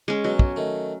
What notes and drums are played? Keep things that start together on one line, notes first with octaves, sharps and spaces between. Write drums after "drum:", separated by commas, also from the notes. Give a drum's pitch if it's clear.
G#3 C#4
B2 F#3
B1, drum: kick
D#3 A3